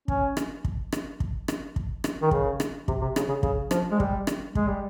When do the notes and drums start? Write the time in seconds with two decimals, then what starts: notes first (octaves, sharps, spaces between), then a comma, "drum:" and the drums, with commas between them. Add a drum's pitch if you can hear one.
0.08 C#4, drum: kick
0.37 drum: rim click
0.65 drum: kick
0.92 drum: rim click
1.20 drum: kick
1.48 drum: rim click
1.76 drum: kick
2.04 drum: rim click
2.22 D#3
2.31 C#3, drum: kick
2.60 drum: rim click
2.88 C3, drum: kick
3.02 C3
3.16 C#3, drum: rim click
3.29 C#3
3.43 C#3, drum: kick
3.71 F3, drum: rim click
3.91 G#3
4.00 G3, drum: kick
4.27 drum: rim click
4.55 G#3, drum: kick
4.68 G3